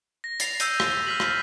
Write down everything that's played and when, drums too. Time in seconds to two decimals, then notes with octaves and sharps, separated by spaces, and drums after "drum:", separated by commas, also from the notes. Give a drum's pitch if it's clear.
0.24 A#6
0.40 A6 C7 F7, drum: hi-hat
0.60 E6 G6 D#7, drum: hi-hat
0.80 drum: rim click
1.07 F6 B6 F#7
1.20 drum: rim click